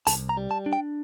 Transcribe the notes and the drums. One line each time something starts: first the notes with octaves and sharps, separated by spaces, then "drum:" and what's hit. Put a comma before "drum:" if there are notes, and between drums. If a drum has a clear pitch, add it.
C2 A5, drum: open hi-hat
A#5
G3
A5
D4
G5